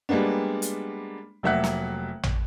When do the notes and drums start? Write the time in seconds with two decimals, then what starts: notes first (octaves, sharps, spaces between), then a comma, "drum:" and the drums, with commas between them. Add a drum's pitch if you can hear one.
0.09 G3 G#3 A#3 B3 D4
0.62 drum: hi-hat
1.43 F1 F#3 A#3 E5 F#5 F#6
1.64 drum: snare
2.23 drum: tom A1